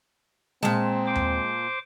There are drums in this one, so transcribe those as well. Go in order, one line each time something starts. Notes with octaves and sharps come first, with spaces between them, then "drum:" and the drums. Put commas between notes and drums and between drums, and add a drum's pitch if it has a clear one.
A#2 G#3 C4 A5, drum: snare
C5 D6
drum: tom D#2